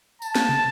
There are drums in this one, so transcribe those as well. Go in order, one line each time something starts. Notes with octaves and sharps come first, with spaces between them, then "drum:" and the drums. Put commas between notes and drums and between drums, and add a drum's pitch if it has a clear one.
A5, drum: tambourine
drum: snare
drum: tom